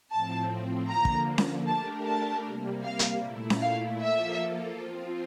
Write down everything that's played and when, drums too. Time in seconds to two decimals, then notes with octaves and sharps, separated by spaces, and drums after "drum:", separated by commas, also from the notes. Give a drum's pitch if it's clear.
0.12 A2 F3 C4 A5
0.89 D3 F3 A#3 A#5
1.05 drum: kick
1.38 drum: snare C#4
1.67 A3 D4 G4 A#4 A5
2.07 A5
2.45 C3 G3 A#3
2.84 F5
2.99 drum: hi-hat
3.23 A#2 A3 E4
3.50 drum: snare C#4
3.61 F5
4.01 F3 A#3 F4 A4 E5
4.78 F3 C4 F4